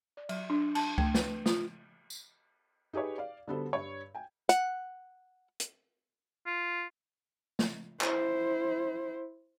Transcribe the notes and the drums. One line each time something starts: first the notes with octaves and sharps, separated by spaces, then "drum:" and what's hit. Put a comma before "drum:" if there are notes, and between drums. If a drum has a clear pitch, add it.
D5
F#3, drum: cymbal
D4
A5, drum: cymbal
A3, drum: kick C#2
B4, drum: snare
F4, drum: snare
drum: tambourine
D#4 G4 G#4 B4 C#5
D5 F5
D3 G3 B3 F#4 A4 C5
G2 C#5
G5 G#5
F#5, drum: hi-hat
drum: hi-hat
F4
drum: snare
E4 C5, drum: clap